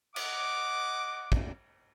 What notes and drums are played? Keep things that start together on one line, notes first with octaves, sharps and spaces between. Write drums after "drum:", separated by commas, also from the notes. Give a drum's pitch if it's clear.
D#5 F#5 D6, drum: cymbal
drum: kick